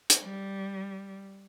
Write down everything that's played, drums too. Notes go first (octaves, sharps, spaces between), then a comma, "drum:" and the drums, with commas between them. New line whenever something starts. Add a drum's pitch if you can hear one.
drum: hi-hat
G3